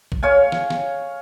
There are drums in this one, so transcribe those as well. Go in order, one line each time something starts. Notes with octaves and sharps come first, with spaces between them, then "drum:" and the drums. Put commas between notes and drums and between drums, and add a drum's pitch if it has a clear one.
drum: kick A#1
C#5 F5 G#5
drum: snare
drum: snare